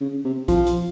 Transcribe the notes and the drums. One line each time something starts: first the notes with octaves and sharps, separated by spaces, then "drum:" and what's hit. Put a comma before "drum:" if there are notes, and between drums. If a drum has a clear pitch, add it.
C#3
C3
F3, drum: kick, hi-hat
drum: hi-hat